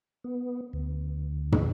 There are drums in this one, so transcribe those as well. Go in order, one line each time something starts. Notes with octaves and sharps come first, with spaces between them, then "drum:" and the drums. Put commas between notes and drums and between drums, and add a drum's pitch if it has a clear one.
B3
D2
drum: tom